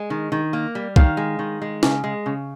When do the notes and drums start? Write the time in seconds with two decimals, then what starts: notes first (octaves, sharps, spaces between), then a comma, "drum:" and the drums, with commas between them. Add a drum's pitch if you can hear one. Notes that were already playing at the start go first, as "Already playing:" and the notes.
Already playing: G#3
0.10 D#3
0.32 D#3
0.53 A#3
0.75 G3
0.96 D#3 F5, drum: kick C2
1.17 G#3
1.39 D#3
1.62 G#3
1.83 C#3, drum: snare
2.04 G#3
2.26 C#3